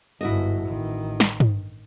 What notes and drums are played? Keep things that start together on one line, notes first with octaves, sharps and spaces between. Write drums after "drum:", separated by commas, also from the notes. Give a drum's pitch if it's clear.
G1 G#2 E4 F#4 D#5
A1 D#3
drum: snare
drum: tom